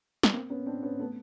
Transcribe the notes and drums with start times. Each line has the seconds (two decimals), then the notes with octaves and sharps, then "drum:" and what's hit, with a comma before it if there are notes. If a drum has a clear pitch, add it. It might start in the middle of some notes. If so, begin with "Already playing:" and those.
0.23 B3, drum: snare
0.33 A#3 C4
0.50 B3 C#4
0.66 C4 D4
0.83 B3 C#4
0.99 A3 B3